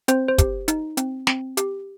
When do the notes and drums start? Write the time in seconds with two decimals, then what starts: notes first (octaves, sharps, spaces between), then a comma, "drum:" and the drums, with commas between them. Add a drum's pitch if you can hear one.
0.08 C4 C5, drum: hi-hat
0.28 C5
0.38 G4, drum: kick, hi-hat
0.68 D#4, drum: hi-hat
0.97 C4, drum: hi-hat
1.27 C4, drum: snare
1.57 G4, drum: hi-hat